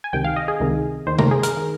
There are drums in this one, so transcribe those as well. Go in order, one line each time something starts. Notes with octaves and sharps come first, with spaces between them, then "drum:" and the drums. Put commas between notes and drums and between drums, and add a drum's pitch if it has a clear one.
G#5
C#2 C3 D#3 G5
F5
D#5
G#4
C#2 C3 D#3
D#2 D#3 C5
A#4, drum: tom C3
G#4
A#4, drum: hi-hat
D#3